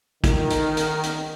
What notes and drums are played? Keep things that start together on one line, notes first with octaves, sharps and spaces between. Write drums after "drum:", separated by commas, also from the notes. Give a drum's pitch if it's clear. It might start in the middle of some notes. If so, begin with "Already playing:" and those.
D#3, drum: kick, hi-hat
drum: hi-hat
drum: hi-hat
drum: hi-hat